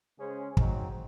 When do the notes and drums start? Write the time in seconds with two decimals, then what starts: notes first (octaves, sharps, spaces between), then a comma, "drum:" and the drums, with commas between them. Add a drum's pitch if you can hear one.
0.19 C#3 G#3 C#4 G#4 C5
0.57 G#2 F#3 C4 D#4, drum: kick